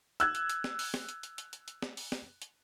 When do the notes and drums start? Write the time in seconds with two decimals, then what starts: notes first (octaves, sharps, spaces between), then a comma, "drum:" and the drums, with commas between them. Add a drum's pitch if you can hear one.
0.20 E6 F#6 G#6, drum: hi-hat
0.35 drum: hi-hat
0.49 drum: hi-hat
0.64 drum: snare
0.79 drum: open hi-hat
0.94 drum: snare
1.09 drum: hi-hat
1.23 drum: hi-hat
1.38 drum: hi-hat
1.53 drum: hi-hat
1.68 drum: hi-hat
1.82 drum: snare
1.97 drum: open hi-hat
2.12 drum: snare
2.42 drum: hi-hat